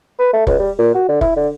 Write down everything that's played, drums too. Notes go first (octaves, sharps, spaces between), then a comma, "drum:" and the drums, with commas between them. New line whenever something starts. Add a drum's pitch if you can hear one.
B4
A3
C#2, drum: kick
G3
A#2
F#4
D3
E4, drum: kick
D3